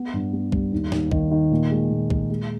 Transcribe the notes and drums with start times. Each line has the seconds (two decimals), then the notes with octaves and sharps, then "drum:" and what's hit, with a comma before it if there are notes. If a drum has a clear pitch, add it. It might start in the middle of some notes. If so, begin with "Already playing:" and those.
Already playing: B3
0.14 G2
0.33 B3
0.52 G3, drum: kick C2
0.72 D#2
0.92 D#2, drum: snare
1.11 D#3, drum: kick C2
1.31 D#3
1.51 A#2
1.71 G#3
1.90 A#2
2.10 G#3, drum: kick C2
2.30 G#3